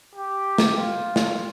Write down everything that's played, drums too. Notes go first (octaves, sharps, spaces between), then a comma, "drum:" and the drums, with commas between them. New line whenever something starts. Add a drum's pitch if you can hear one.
G4
drum: snare
F4
drum: snare